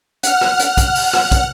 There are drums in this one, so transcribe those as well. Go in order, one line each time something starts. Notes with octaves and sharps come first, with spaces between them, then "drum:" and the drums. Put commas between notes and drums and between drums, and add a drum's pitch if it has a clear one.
F#5 F6, drum: hi-hat
drum: rim click
drum: hi-hat
drum: kick, hi-hat
drum: open hi-hat
drum: rim click
drum: kick, hi-hat